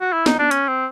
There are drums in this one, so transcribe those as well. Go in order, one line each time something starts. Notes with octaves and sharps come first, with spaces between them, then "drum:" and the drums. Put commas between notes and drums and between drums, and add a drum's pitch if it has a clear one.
F#4
E4
D#4, drum: snare
D4
C#4, drum: hi-hat
C4